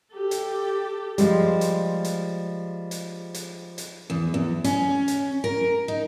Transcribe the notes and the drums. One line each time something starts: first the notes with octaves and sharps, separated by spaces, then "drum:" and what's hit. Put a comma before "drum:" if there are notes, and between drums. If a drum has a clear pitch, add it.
G4 A4
drum: hi-hat
F3 G3 G#3, drum: hi-hat
drum: hi-hat
drum: hi-hat
drum: hi-hat
drum: hi-hat
drum: hi-hat
E2
E2
C#4, drum: hi-hat
drum: hi-hat
A#4
D#4